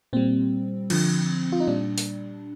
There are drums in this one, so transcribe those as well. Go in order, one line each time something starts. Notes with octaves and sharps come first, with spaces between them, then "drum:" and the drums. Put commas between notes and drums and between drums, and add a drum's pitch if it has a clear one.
A#2 G3 C4
D3 F3, drum: cymbal
F4
D#4
A#2 G3 D4
drum: open hi-hat